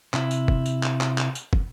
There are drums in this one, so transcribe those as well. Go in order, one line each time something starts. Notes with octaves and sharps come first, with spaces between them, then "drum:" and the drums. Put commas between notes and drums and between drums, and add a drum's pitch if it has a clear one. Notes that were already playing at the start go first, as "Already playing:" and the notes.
C3 E4, drum: clap
drum: tambourine
drum: kick
drum: tambourine
drum: clap
drum: clap
drum: clap
drum: tambourine
drum: kick